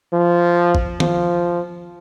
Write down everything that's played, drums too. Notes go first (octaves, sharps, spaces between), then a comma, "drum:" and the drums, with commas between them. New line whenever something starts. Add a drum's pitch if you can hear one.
F3
drum: kick
F3, drum: tom D#3